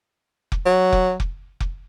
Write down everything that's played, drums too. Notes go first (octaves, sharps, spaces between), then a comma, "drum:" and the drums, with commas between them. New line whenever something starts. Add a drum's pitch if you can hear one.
drum: kick F1
F#3
drum: kick F1
drum: kick F1
drum: kick F1